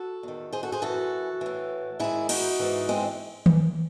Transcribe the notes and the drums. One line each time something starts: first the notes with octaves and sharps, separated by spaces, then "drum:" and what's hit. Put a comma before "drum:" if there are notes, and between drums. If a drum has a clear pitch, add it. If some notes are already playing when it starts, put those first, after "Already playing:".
Already playing: F#4 A4
E2 D#3
G#4 C5
F#4 A4
G#4 C5
F#2 E3 F#4 A4
A2 E3
G#2 D#3 E4 G#4
D#4 F#4, drum: cymbal
G#2 E3
G#3 C4
drum: tom D#3